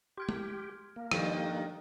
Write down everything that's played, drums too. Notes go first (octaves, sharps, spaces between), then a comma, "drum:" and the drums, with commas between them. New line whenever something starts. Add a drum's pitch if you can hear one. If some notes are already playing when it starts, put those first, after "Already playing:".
G4 C6 F6 G#6
drum: tom G#3
A#3
G2 D#3 F3 G4 A4, drum: rim click